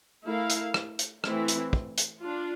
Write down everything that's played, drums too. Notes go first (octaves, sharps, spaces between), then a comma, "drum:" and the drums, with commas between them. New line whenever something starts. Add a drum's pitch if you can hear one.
A3 E4 A#4 F5
drum: hi-hat
drum: rim click
drum: hi-hat
E3 A3 C4 E4, drum: rim click
drum: hi-hat
drum: kick
drum: hi-hat
D4 F4